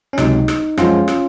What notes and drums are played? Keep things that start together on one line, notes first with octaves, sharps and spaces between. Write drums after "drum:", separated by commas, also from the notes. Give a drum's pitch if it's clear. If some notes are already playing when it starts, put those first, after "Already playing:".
C#4
C#2 C3 F#3 D#4, drum: rim click
drum: rim click
F#2 F3 G#3 C#4 F4, drum: rim click
drum: rim click